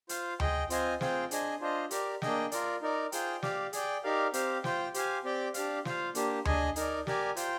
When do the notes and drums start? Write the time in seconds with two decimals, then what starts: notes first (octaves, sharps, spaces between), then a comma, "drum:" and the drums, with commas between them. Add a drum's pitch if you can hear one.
0.09 F4 C5 F5, drum: hi-hat
0.40 G#4 D#5 G5, drum: tom D2
0.70 C4 F4 C5 D#5 G#5, drum: hi-hat
1.01 C4 F4 G#4 C5 G5, drum: snare
1.31 D4 G#4 D#5 G#5, drum: hi-hat
1.61 D4 F4 C5 D#5
1.91 G4 A#4 D5, drum: hi-hat
2.22 A#3 D4 G#4 D#5 G5, drum: snare
2.52 F4 A#4 D5, drum: hi-hat
2.82 D#4 A#4 D5
3.12 F4 G#4 C5 G5, drum: hi-hat
3.43 G4 D5 F5, drum: snare
3.73 G#4 D5 G5, drum: hi-hat
4.04 D#4 G4 A#4 D5 F5
4.34 C4 G4 C5 F5, drum: hi-hat
4.64 F4 C5 G5, drum: snare
4.94 G4 C5 F5 G#5, drum: hi-hat
5.24 C4 G4 D5 G5
5.54 D4 G4 D5 F5, drum: hi-hat
5.85 F4 C5 F5, drum: snare
6.15 A#3 D4 G4, drum: hi-hat
6.45 D4 G#4 D#5 G#5, drum: tom D2
6.76 D#4 A#4 D5, drum: hi-hat
7.07 G4 A#4 D5 G#5, drum: snare
7.37 F4 C5 G5, drum: hi-hat